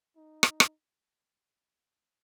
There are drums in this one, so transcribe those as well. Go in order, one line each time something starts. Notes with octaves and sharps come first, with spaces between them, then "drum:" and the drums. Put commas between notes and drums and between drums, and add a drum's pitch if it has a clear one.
D#4
drum: rim click
drum: rim click